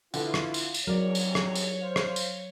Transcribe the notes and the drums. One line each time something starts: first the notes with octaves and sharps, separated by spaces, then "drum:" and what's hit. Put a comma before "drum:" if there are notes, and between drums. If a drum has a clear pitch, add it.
D3 B3 E4 F4, drum: tambourine
drum: rim click
drum: tambourine
drum: tambourine
C2 G#2 F#3 A#4 C#5 D5
drum: tambourine
drum: rim click
drum: tambourine
C5 F5
drum: rim click
drum: tambourine